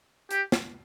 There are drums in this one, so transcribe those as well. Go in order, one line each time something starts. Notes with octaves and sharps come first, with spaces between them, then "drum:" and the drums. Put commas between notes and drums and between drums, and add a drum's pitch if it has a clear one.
G4, drum: hi-hat
drum: snare